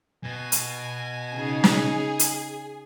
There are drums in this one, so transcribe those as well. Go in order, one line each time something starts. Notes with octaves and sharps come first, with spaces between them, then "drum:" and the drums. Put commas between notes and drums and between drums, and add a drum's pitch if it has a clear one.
B2 G#5
drum: hi-hat
C#3 D#4 G#4
drum: snare
drum: hi-hat